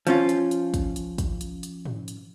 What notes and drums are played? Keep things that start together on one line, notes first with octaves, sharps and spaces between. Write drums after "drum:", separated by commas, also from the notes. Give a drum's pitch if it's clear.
F3 C#4 F4, drum: hi-hat
drum: hi-hat
drum: hi-hat
drum: kick, hi-hat
drum: hi-hat
drum: kick, hi-hat
drum: hi-hat
drum: hi-hat
drum: tom G#2
drum: hi-hat